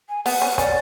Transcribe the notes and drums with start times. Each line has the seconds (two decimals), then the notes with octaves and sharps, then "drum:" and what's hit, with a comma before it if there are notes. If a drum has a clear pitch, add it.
0.09 G#5
0.26 B3 F#5, drum: open hi-hat
0.42 C#4 F#5
0.58 C#4 D5, drum: kick, hi-hat